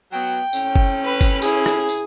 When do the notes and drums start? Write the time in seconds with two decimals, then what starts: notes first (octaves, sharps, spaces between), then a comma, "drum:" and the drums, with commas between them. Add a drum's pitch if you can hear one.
0.12 F#3 B3 G5
0.53 A2 C4 C#4, drum: tambourine
0.76 drum: kick
1.04 B4
1.21 drum: kick, tambourine
1.42 E4 G#4, drum: tambourine
1.66 drum: rim click
1.89 drum: tambourine